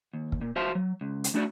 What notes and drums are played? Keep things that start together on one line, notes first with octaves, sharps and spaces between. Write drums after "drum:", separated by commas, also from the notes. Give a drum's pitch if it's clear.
D#2
drum: kick
A#2
F#4 C5 E5 F5 A5 C6
F#3
C#2
drum: hi-hat
A3 D4 E4 F#4 C#5 D5